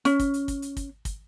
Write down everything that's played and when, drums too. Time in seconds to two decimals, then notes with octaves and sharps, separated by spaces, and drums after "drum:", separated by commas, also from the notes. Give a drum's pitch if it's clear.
0.05 C#4, drum: hi-hat
0.19 drum: kick, hi-hat
0.34 drum: hi-hat
0.48 drum: kick, hi-hat
0.62 drum: hi-hat
0.77 drum: kick, hi-hat
1.05 drum: kick, hi-hat